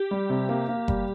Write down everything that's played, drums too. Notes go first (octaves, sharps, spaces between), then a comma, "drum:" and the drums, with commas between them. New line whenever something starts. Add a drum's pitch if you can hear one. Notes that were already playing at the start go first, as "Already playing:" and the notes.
Already playing: G4
G3
C3
A#3
A#3
G3, drum: kick F#1